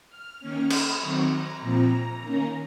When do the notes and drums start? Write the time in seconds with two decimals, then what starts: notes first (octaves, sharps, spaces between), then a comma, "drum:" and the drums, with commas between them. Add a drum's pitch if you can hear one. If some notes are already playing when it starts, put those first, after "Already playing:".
0.09 F6
0.40 D#3 A#3 C#4 F6
0.70 D#6, drum: cymbal
1.01 D#3 F#3 C4 C#6
1.31 A#5
1.61 A#2 F3 C4 A#5
2.22 D#3 A#3 C#4